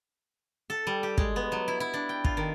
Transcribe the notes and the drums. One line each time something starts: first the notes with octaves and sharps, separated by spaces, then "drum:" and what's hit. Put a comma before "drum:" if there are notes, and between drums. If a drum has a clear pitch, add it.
A4
G3
G4
G#3, drum: kick
B3
F#3
E4
E4
D4
G5
F4, drum: kick
D#3